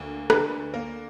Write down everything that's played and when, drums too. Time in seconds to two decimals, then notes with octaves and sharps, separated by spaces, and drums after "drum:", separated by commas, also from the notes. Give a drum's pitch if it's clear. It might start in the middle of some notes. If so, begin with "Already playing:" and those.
Already playing: D2 A#3
0.30 D3 B4, drum: rim click
0.74 A#3 A#4